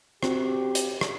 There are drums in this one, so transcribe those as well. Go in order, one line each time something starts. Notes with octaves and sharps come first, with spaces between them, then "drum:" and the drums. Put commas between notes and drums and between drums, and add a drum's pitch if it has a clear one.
C4 F#4 G4, drum: rim click
drum: hi-hat
drum: rim click